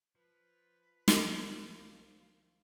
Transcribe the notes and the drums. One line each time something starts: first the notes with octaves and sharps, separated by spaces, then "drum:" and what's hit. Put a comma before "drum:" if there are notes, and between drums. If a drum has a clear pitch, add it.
F3 B4
drum: snare
C2 D#3 F4 A#4 C5